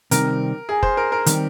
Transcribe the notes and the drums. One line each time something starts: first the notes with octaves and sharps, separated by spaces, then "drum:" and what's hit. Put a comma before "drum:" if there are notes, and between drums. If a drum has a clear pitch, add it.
C3 D#3 G3 C4 A#4, drum: hi-hat
G#4
C5, drum: kick
A#4
A#4
D#3 G3 C4 G4, drum: hi-hat